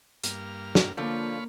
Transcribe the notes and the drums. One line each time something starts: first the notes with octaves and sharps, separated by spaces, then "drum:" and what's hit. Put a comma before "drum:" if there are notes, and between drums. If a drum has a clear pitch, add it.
G2 A#3 F6, drum: hi-hat
drum: snare
D3 F3 A#3 F4 C#5 B5